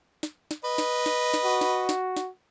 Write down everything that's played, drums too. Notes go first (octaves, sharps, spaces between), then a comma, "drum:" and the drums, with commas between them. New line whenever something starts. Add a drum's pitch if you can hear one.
drum: snare
drum: snare
B4 D#5
drum: snare
drum: snare
drum: snare
F#4
drum: snare
drum: snare
drum: snare